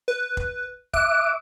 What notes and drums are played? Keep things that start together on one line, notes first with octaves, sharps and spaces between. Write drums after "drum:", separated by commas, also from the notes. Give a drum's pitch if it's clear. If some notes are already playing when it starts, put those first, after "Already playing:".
B4
drum: kick
E5 D6 F#6, drum: kick